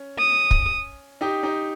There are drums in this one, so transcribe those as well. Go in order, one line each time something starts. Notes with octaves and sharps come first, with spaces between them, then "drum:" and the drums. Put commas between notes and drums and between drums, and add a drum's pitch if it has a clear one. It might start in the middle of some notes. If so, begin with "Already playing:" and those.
Already playing: C#4
D#6
drum: kick
D#4 G4
D#4 G4